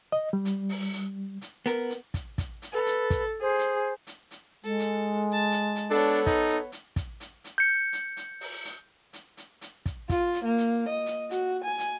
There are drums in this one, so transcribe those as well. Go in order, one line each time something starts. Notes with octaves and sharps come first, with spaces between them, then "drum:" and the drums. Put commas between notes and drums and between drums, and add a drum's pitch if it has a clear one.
D#5
G3
drum: hi-hat
drum: open hi-hat
drum: hi-hat
drum: hi-hat
B3 A#4, drum: hi-hat
drum: hi-hat
drum: kick, hi-hat
drum: kick, hi-hat
drum: hi-hat
A4 B4
drum: hi-hat
drum: kick, hi-hat
G#4 C5
drum: hi-hat
drum: hi-hat
drum: hi-hat
G#3 A4
drum: hi-hat
A5
drum: hi-hat
drum: hi-hat
B3 D4 A4 C#5
D#4, drum: kick, hi-hat
drum: hi-hat
drum: hi-hat
drum: kick, hi-hat
drum: hi-hat
drum: hi-hat
G6 C#7
drum: hi-hat
drum: hi-hat
drum: open hi-hat
drum: hi-hat
drum: hi-hat
drum: hi-hat
drum: hi-hat
drum: kick, hi-hat
F4, drum: kick, hi-hat
drum: hi-hat
A#3
drum: hi-hat
D#5
drum: hi-hat
F#4, drum: hi-hat
G#5
drum: hi-hat